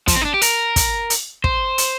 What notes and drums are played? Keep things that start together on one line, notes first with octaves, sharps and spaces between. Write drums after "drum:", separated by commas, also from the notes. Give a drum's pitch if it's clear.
F3, drum: kick, hi-hat
C4
D#4
D4
G4
A#4, drum: hi-hat
drum: kick, hi-hat
drum: hi-hat
C5, drum: kick
drum: hi-hat